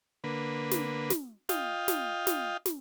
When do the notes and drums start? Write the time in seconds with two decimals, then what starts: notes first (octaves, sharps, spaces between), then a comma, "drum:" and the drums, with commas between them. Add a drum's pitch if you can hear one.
0.24 D3 A#3 B4
0.71 drum: snare
1.10 drum: snare
1.49 F4 D#5 F5 G5, drum: snare
1.88 drum: snare
2.27 drum: snare
2.66 drum: snare